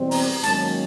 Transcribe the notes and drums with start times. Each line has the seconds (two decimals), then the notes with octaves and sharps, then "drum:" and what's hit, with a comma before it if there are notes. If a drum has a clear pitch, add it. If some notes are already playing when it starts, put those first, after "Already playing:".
Already playing: E2 B2 G3 C4
0.11 A#5, drum: open hi-hat
0.43 G#2 D#3 F#3 A#3 C#4 A5, drum: hi-hat